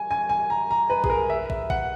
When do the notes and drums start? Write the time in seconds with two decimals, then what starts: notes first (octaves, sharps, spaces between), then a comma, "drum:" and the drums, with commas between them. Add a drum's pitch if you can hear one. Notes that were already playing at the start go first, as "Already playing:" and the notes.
Already playing: G#5
0.11 G#5
0.29 G#5
0.50 A#5
0.71 A#5
0.90 B4
1.04 G#4, drum: kick
1.10 A#4
1.30 E5
1.50 E5, drum: kick
1.70 F#5, drum: kick